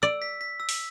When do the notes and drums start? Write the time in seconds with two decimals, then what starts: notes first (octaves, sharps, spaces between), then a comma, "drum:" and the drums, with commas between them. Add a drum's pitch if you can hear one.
0.02 D5 E6
0.22 B6
0.41 B6
0.60 E6
0.69 drum: open hi-hat